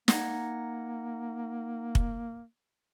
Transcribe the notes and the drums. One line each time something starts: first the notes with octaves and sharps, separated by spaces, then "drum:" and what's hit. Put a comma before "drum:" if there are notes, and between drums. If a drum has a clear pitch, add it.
A#3 D#4 F#5 A#6, drum: snare
drum: kick